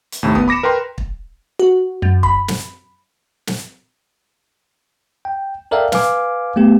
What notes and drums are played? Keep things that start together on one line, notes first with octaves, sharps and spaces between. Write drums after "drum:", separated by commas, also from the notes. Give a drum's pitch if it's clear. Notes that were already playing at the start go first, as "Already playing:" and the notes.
drum: hi-hat
D#2 A2 C3
B3 D#6, drum: kick
B5 D6 A#6 C#7 E7
A#4 B4 G5 C6
drum: kick
F#4
F#2
B5, drum: kick
drum: snare
drum: snare
G5
A4 A#4 D5 E5 F5 G5
B4 F5 G#5 D6, drum: snare
A3 B3 G4